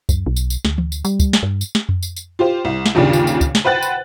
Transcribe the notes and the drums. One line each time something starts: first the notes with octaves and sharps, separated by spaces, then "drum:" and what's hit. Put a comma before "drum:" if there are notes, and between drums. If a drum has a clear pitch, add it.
F#2, drum: kick, tambourine
B1
drum: tambourine
drum: tambourine
D2, drum: snare
drum: tom
drum: tambourine
G3, drum: tambourine
drum: kick, tambourine
drum: snare
G2
drum: tambourine
drum: snare
drum: tom F2
drum: tambourine
drum: tambourine
F4 G4 C5
C2
drum: snare
G1 D#2 A#2 C#3 D4 G4
drum: tambourine
drum: tambourine
drum: kick, tambourine
drum: snare
B4 C5 F#5 G5 F#6 A6
drum: tambourine